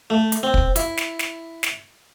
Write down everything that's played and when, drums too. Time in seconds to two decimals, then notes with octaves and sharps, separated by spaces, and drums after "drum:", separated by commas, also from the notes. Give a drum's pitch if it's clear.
0.10 A3
0.32 drum: hi-hat
0.43 C4
0.54 drum: kick
0.76 E4, drum: hi-hat
0.97 drum: snare
1.19 drum: snare
1.63 drum: snare